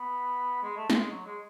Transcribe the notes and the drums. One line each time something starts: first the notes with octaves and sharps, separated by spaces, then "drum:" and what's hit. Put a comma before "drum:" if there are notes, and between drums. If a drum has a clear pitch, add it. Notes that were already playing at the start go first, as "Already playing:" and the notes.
Already playing: B3
G#3
A3
G#3, drum: snare
F#3
G#3